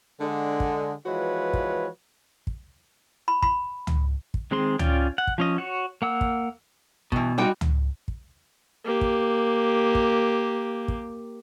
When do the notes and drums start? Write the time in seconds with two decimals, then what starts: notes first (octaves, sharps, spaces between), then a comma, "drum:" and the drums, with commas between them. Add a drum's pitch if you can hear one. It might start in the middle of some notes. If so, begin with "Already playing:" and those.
0.21 D3 G#3
0.60 drum: kick
1.06 E3 F3 G#3 F#4 B4 C#5
1.53 drum: kick
2.47 drum: kick
3.28 B5
3.42 B5, drum: kick
3.87 drum: tom C#2
4.34 drum: kick
4.51 D#3 G#3 C4 G#4 C6
4.79 C#4 F4 D5 G5, drum: tom C#2
5.18 F#5
5.27 drum: kick
5.38 F3 C#4 D#5
5.58 F#4 C#5
6.02 A#3 F#5 E6
6.21 drum: kick
7.12 G2 B2 E3, drum: kick
7.38 G3 G#3 D#4 F#4 G5
7.61 drum: tom C#2
8.08 drum: kick
8.84 A#3 G4
9.01 drum: kick
9.95 drum: kick
10.88 drum: kick